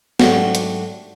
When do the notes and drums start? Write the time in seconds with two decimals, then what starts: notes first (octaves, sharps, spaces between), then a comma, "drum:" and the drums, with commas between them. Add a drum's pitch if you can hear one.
0.20 G#2 F#3 A3 D4 F#4 G4, drum: snare
0.55 drum: hi-hat